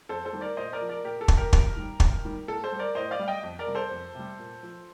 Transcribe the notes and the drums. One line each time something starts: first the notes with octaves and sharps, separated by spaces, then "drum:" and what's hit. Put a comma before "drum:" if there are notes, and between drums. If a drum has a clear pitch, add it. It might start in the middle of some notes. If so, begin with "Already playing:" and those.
F2 A4 C5
A4 C5
D#3 G3
A#4 D5
A#2 C5 D#5
A#4 D5
F3
A#4 D5
A#2 G4 A#4
A4
F3, drum: kick
G4 A#4
F2, drum: kick
D#3 G3
F2, drum: kick
D#3 G3
A2 A4
A4 C5
G3
A#4 D5
A2 C5 D#5
D5 F5
G3
D#5 G5
F2
A#4 D5
C3 G3
A4 C5
F2
C3 G3
A#2
F3